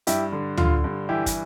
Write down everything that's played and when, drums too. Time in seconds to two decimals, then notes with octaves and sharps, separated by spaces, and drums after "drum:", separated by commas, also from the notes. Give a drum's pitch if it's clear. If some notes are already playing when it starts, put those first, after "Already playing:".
0.07 G2 E4 G4, drum: hi-hat
0.32 D3
0.58 D3 F4, drum: tom
0.84 G2
1.09 E3 E4 G4
1.26 drum: kick, hi-hat